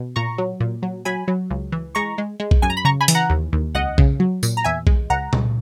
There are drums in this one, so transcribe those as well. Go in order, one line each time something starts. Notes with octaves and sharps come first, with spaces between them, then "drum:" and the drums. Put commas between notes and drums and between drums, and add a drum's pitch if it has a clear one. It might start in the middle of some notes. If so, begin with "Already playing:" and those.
Already playing: B2
A#2 A#5 C#6
F#3
A#2
F#3
F#3 G#5 B5
F#3
C#2
E3
G#3 A#5 C#6
G#3
G#3
drum: kick B1
F#2 G#5
A#5
B5
C#3 A#5 C#6
G#5 B5
E3, drum: hi-hat
F#5 A#5
D#2
D#2
C#2 D#5 F#5
C#3, drum: kick B1
F#3
A#2, drum: tambourine
A#5
E2 E5 G#5
G#3, drum: kick B1
C#2 F#5 A#5
C#2, drum: tom A#2